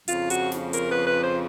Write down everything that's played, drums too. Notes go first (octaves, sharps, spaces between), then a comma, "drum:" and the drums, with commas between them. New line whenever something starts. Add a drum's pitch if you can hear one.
F2 C#3 F3 F4, drum: hi-hat
F#4, drum: hi-hat
drum: snare
A#4, drum: hi-hat
B4
B4
C5